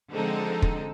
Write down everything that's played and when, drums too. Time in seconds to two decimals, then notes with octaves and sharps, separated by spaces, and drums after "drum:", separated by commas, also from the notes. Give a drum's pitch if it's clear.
0.12 D3 F3 G#3 C4 D#4 A4
0.62 drum: kick